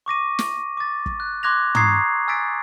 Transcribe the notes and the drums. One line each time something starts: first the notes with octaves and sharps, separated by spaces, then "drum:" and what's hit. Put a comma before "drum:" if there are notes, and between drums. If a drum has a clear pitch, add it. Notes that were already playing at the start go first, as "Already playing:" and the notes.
C#6 D6 A#6 D#7
drum: snare
D6 A6
drum: kick
F#6
C6 D6 F#6 G#6 A#6 F7
A#5 C#6 D#6 F#6 G#6 C7, drum: tom
G#5 E6 F#6 A6 B6 D7